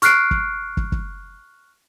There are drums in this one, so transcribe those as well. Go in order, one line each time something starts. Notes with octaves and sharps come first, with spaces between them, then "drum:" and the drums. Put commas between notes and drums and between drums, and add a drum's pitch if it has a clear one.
C#6 F6 F#6 C7 D7, drum: hi-hat
drum: kick
drum: kick
drum: kick